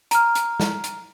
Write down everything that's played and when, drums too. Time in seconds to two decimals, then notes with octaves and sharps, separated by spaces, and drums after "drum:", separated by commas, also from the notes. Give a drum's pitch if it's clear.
0.11 A#5 F6, drum: hi-hat
0.35 drum: hi-hat
0.60 drum: snare
0.84 drum: hi-hat